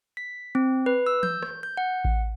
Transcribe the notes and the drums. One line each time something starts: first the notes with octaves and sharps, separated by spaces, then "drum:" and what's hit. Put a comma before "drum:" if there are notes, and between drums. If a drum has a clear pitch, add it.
B6
C4
B4
E6
G6, drum: tom E3
drum: rim click
G6
F#5
drum: kick A1